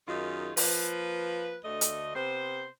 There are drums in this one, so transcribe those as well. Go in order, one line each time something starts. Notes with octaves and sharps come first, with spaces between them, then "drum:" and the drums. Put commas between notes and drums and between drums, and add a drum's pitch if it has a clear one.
F#2 D#3 D#4 F4 G#4
F3 A#3 B4, drum: open hi-hat
D2 D3 A3 D#5
drum: hi-hat
C3 B3 C5